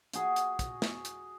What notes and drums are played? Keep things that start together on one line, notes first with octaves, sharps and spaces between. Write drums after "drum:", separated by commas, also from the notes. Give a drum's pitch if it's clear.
F#4 G#4, drum: hi-hat
drum: hi-hat
drum: kick, hi-hat
drum: snare
drum: hi-hat